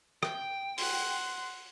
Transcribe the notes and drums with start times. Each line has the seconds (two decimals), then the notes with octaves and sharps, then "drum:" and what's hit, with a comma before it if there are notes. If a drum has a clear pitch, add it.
0.23 G5, drum: rim click
0.78 F#5 C6, drum: open hi-hat